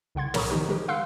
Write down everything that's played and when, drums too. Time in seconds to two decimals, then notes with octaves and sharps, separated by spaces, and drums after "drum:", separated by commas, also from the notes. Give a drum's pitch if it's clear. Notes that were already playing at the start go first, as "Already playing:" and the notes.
0.15 C2 C#3 F#5 C6 G#6
0.34 A#4 C#5 A#5 B5 C#6 D#6, drum: snare
0.50 D#3 F3 D#4 G4 A#4
0.69 G#3 G4 A#4
0.88 F5 F#5 C6 E6 F#6